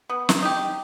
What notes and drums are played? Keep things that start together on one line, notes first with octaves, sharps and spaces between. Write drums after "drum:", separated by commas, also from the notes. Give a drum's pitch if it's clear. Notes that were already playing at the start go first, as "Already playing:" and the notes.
B3
drum: snare
D#4 G4